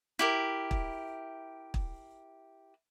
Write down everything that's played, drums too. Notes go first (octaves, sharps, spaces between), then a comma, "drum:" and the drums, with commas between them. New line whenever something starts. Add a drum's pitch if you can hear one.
E4 G4 A#4
drum: kick
drum: kick